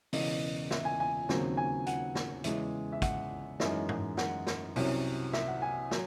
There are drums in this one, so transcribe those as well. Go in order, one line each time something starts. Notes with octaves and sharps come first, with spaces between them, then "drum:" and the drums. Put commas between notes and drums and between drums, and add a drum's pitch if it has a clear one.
E1 E2 C#3 D#5, drum: open hi-hat
E5, drum: snare
G#5
G#5
D#2 C#3 F#3 C4, drum: snare
G#5
F#5, drum: hi-hat
drum: snare
E2 C#3 G#3 E5, drum: hi-hat
E5
F#5, drum: kick, hi-hat
F#2 E3 G#3 D#4 E5, drum: snare
drum: tom
F#5, drum: snare
drum: snare
C2 C3 F#3 C#4, drum: open hi-hat
E5, drum: snare
F#5
G#5
F#3, drum: snare